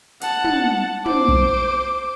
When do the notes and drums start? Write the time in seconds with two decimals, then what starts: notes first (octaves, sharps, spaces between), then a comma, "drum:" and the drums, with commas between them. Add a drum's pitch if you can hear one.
0.21 F#5 A5, drum: hi-hat
0.44 drum: tom
1.06 C5 D6, drum: tom
1.28 drum: kick